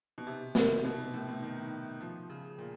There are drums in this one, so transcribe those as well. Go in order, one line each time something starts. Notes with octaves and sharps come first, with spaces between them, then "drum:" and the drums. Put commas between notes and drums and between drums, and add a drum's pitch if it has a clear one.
B2
C3
C3, drum: snare
B2
A2
A2
D#3
F3
C#3
A#2